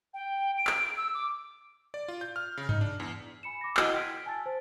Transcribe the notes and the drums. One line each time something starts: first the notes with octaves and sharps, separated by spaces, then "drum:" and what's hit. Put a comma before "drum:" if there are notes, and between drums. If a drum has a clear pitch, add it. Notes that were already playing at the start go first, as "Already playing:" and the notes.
G5
D7
drum: clap
E6
D6
D5
F4
G6
F6
C#3
D#4, drum: tom G2
D4
E2
G#5 B5 C#7 E7
D6 A#6
E4 F#4 D#5 F#5 D#7 G7, drum: clap
G5 C6 F6 G#6 B6 D7
G#5 A5 E6 A6
C5 A5